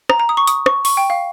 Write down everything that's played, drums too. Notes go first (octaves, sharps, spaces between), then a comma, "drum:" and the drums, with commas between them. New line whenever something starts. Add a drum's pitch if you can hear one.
A#5, drum: rim click
A#5
D#6
C#6
D#6, drum: hi-hat
C#6, drum: rim click
C#6, drum: open hi-hat
G5
F5